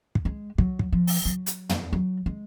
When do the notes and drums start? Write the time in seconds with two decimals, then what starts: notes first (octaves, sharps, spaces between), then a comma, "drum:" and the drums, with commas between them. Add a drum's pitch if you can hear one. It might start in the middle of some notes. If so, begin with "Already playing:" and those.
0.15 drum: kick
0.25 G#3
0.58 F#3, drum: kick
0.79 drum: kick
0.92 F3
1.07 drum: open hi-hat
1.25 F#3
1.46 drum: hi-hat
1.69 drum: tom
1.93 F#3
2.26 G#3